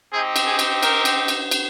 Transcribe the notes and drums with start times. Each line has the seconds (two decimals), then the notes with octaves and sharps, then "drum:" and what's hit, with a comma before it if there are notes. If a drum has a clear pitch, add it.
0.12 C4 D#4 G4 G#4
0.36 drum: cymbal
0.47 G#4
0.59 drum: cymbal
0.83 A#4, drum: cymbal
1.05 drum: cymbal
1.28 drum: cymbal
1.51 drum: cymbal